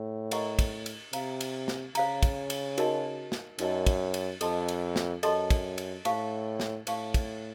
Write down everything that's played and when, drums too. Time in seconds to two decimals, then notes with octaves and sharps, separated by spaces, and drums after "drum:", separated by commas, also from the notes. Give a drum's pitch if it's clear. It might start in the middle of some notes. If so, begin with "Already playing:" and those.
Already playing: A2
0.31 A#4 D#5 F#5 A#5 C#6, drum: cymbal
0.59 drum: kick, cymbal
0.86 drum: cymbal
1.13 C3 C5 F5 A#5, drum: cymbal
1.41 drum: cymbal
1.68 drum: snare
1.95 C#3 C5 F5 A#5, drum: cymbal
2.23 drum: kick, cymbal
2.50 drum: cymbal
2.78 D#4 F#4 A#4 D#5 A5, drum: cymbal
3.32 drum: snare
3.59 F#2 D#4 F#4 A#4 D#5 A5, drum: cymbal
3.86 drum: kick, cymbal
4.14 drum: cymbal
4.41 F2 A4 D#5 A5 C6, drum: cymbal
4.68 drum: cymbal
4.96 drum: snare
5.23 F#2 A4 D#5 A5 C6, drum: cymbal
5.50 drum: kick, cymbal
5.78 drum: cymbal
6.05 A2 C5 F5 A5 C#6, drum: cymbal
6.60 drum: snare
6.87 A2 C5 F5 A5 C#6, drum: cymbal
7.14 drum: kick, cymbal